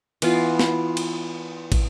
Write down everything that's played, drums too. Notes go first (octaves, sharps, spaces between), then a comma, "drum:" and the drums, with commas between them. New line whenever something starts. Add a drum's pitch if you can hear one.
E3 B3 F4, drum: cymbal
drum: snare
drum: cymbal
drum: kick, cymbal